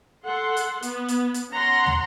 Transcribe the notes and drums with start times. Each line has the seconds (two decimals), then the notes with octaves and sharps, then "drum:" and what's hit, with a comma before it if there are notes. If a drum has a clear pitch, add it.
0.24 A4 F#5 C6
0.57 drum: hi-hat
0.83 B3, drum: hi-hat
1.08 drum: hi-hat
1.34 drum: hi-hat
1.50 C#4 F#5 A#5 C6
1.86 drum: tom